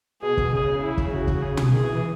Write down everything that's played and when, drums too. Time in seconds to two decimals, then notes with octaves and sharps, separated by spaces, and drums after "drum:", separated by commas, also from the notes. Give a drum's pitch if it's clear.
0.22 B2 G#4
0.37 B2, drum: kick
0.53 C#3 G#4
0.83 E4
0.97 drum: kick
1.12 F#4
1.27 drum: kick
1.42 G#4
1.57 drum: tom
1.72 D#3 G#4
1.82 E3
1.92 E3